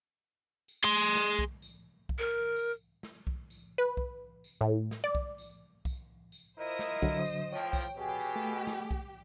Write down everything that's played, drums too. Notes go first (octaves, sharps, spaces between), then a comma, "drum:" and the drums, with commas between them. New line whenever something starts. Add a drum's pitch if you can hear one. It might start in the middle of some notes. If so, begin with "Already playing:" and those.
drum: tambourine
G#4 C6
drum: snare
drum: kick B1
drum: tambourine
drum: kick B1
A#4
drum: tambourine
drum: snare
drum: kick B1
drum: tambourine
B4
drum: kick B1
drum: tambourine
A2
drum: snare
D5
drum: kick B1
drum: tambourine
drum: kick B1, tambourine
drum: tambourine
E4 F4 A#4 C5 D#5 D#6
drum: snare
D3 F#3, drum: kick B1
drum: tambourine
A2 F3 C#5 G5
drum: kick B1, tambourine
B2 G4 G#4
drum: tambourine
A3
drum: snare
drum: kick B1